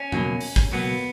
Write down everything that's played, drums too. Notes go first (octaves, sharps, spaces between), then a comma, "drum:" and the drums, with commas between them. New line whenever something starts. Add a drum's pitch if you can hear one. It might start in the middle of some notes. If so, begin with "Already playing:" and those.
Already playing: C#4
C#2 B2 F#3 A#3, drum: tom F2
drum: open hi-hat
drum: kick G#1
C#2 B2 F#3 A#3 B3